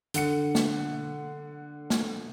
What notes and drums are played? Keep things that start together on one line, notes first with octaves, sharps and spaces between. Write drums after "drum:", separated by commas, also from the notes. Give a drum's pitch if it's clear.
D3 F#5 C#7, drum: hi-hat
drum: snare
drum: snare